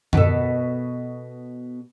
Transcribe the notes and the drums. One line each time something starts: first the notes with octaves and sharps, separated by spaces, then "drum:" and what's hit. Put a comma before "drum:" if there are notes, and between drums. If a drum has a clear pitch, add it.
B2 A4, drum: tom F#2